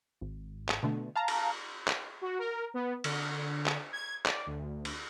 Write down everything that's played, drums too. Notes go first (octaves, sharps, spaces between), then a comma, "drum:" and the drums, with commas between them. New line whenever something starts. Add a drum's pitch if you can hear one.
G#1
drum: clap
B2 D3 A3
F5 A5 A#5
drum: cymbal
drum: clap
F#4
A#4
B3
D3, drum: cymbal
drum: clap
G#6
D5, drum: clap
D2
drum: cymbal